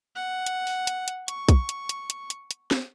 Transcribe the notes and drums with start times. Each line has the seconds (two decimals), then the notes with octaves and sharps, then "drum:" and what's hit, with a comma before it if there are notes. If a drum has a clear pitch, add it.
0.16 F#5
0.46 drum: hi-hat
0.67 drum: open hi-hat
0.87 drum: hi-hat
1.08 drum: hi-hat
1.28 C#6, drum: hi-hat
1.49 drum: kick B1, hi-hat
1.69 drum: hi-hat
1.89 drum: hi-hat
2.10 drum: hi-hat
2.30 drum: hi-hat
2.51 drum: hi-hat
2.71 drum: snare